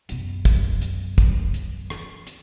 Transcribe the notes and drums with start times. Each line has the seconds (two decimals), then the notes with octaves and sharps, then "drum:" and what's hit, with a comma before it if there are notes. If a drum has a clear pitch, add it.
0.09 F#2 B2, drum: hi-hat
0.45 drum: kick, hi-hat
0.82 drum: hi-hat
1.18 drum: kick, hi-hat
1.54 drum: hi-hat
1.90 drum: rim click
2.27 drum: hi-hat